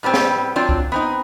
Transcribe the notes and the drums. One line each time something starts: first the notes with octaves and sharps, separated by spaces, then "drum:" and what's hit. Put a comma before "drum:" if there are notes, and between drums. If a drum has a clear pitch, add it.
A2 G3 B3 C4 G4
drum: snare
F#3 C4 D4 F4 D5
drum: kick C2
B3 C4 D#4